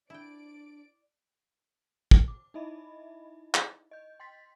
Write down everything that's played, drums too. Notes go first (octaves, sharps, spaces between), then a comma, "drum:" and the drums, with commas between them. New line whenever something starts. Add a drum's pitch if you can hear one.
D4 E4 D5 G5 D7
drum: kick
D6
D#4 E4 D#5 E5 B5
drum: clap
D#5 G6
G5 C6 A6 B6